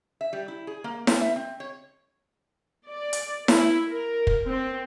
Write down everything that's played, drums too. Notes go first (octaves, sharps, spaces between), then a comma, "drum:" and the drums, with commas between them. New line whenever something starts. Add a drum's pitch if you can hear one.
E5
G3
E4
G#4
A#3
C4, drum: snare E4
E5
C4
C#5
D5
drum: hi-hat
E4, drum: snare E4
A#4
drum: kick
C4